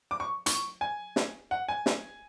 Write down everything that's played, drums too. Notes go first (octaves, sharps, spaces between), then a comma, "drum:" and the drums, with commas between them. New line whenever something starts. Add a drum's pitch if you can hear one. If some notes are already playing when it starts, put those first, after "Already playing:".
D6
C#6
C#6, drum: hi-hat
G#5
drum: snare
F#5
G#5
drum: snare